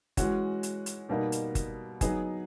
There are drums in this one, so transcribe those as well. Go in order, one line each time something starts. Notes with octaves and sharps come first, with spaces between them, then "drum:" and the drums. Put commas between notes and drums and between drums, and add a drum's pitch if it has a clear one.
E3 G#3 C#4 F#4, drum: kick F#1, hi-hat
drum: hi-hat
drum: hi-hat
B2 G3 A#3 D#4
drum: hi-hat
drum: kick F#1, hi-hat
F#3 B3 D#4 G#4, drum: kick F#1, hi-hat